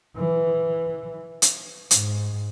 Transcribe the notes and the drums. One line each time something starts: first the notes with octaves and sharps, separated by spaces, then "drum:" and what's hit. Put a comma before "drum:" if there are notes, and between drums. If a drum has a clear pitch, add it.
E3
drum: hi-hat
G#2, drum: hi-hat